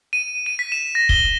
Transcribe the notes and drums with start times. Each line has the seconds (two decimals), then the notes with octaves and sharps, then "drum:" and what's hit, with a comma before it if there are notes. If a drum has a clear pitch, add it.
0.13 D#7
0.46 D#7
0.59 B6
0.72 E7
0.95 A#6
1.09 G7, drum: kick